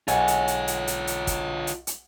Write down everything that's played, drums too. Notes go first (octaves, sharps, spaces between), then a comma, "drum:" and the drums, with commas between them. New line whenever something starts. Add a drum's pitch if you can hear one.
B1 F4 C#5 F#5 G#5, drum: hi-hat
drum: hi-hat
drum: hi-hat
drum: hi-hat
drum: hi-hat
drum: hi-hat
drum: kick, hi-hat
drum: hi-hat
drum: hi-hat